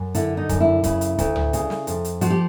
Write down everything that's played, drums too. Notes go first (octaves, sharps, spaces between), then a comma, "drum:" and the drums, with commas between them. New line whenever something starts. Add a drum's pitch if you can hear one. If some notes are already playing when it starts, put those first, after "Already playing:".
Already playing: F#2
D3 E4, drum: hi-hat
D#4
F#2, drum: kick, hi-hat
E4
C#3 E4, drum: kick, hi-hat
drum: hi-hat
D2, drum: kick, hi-hat
drum: tom C#2
C#3, drum: hi-hat
drum: snare
F2, drum: hi-hat
drum: hi-hat
F3 F#4, drum: hi-hat
G4